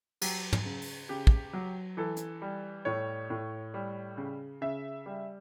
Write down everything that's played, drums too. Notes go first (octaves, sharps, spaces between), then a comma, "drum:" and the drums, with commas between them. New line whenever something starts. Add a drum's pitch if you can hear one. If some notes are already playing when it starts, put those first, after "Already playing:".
F#3 G4, drum: cymbal
drum: tom
C#3
drum: open hi-hat
C#3 G4
drum: kick
F#3
E3 A4
drum: hi-hat
G3
A2 C#5
A2
G3
C#3
C#3 E5
G3